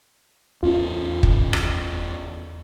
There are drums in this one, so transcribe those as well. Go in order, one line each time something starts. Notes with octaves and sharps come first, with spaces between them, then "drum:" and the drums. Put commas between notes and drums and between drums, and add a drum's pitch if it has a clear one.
E2 C#4 F4
drum: kick
drum: rim click